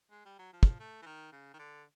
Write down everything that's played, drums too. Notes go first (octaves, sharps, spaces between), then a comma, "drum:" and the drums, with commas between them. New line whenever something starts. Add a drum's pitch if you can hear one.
G#3
G3
F#3
F3
drum: kick
A3
E3
D#3
C#3
D#3
D3